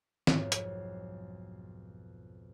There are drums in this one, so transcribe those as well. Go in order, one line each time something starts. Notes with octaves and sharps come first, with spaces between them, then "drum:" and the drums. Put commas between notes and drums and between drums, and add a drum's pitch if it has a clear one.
B1 F2 G#2, drum: snare
drum: hi-hat